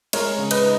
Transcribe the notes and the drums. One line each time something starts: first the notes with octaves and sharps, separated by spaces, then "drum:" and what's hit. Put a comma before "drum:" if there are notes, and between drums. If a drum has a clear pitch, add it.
G#3 A#4 C#5, drum: cymbal
C#3
B4 D#5, drum: cymbal
D#4